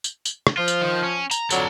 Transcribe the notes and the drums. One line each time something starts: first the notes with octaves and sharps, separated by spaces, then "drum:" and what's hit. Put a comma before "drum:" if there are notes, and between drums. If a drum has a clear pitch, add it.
drum: tambourine
drum: tambourine
drum: rim click
F3 F4
drum: tambourine
D#3
C#4
A#5, drum: tambourine
F2 D3 F#3 A4 A#5, drum: tambourine